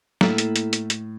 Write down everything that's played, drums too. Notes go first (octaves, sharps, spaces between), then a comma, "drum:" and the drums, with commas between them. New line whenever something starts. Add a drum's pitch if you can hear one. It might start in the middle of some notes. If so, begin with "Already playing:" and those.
A2 A#3 E4 A4, drum: snare
drum: hi-hat
drum: hi-hat
drum: hi-hat
drum: hi-hat